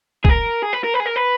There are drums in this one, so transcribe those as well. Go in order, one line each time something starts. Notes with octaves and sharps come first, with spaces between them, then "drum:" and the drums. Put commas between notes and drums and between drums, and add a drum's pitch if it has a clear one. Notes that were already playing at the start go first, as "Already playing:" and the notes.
G#4, drum: kick
A#4
G#4
B4
A#4
B4
G#4
A#4
B4